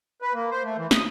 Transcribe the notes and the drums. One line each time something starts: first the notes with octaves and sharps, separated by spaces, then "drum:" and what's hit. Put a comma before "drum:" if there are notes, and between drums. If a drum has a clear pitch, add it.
B4
A#3
C5
A3
E3
D#6, drum: snare